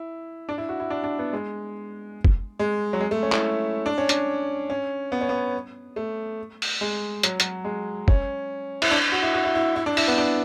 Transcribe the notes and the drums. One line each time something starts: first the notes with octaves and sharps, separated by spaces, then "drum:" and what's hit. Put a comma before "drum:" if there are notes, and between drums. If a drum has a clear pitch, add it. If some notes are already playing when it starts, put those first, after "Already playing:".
Already playing: E4
D4
E4
F#4
E4
D4
D4
B3
G#3
drum: kick
G#3
F#3
G#3
A3
C#4
E4, drum: clap
D4
C#4
D4, drum: hi-hat
C#4
B3
C#4
B3
A3
drum: open hi-hat
G#3
F#3, drum: hi-hat
F#3, drum: hi-hat
G#3
C#4, drum: kick
E4, drum: cymbal
D4
F#4
E4
F#4
E4
E4
E4
D4
E4, drum: open hi-hat
B3
D4